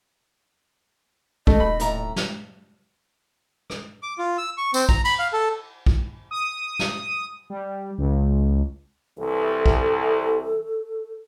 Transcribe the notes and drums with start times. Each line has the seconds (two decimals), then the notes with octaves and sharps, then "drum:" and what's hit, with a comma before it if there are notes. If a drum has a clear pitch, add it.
1.47 G#3 A3 D#5, drum: kick A#1
1.60 D#1 B5
1.80 A2 A#5, drum: hi-hat
2.16 drum: snare
3.70 drum: rim click
4.03 D6
4.18 F4
4.38 E6
4.58 C#6
4.74 C4, drum: tambourine
4.89 A#5, drum: kick A#1
5.05 B5, drum: cymbal
5.19 F5
5.33 A4
5.86 drum: kick A#1
6.31 D#6
6.79 drum: snare
7.50 G3
7.98 C#2
9.18 C2 E3 A4
9.66 drum: kick A#1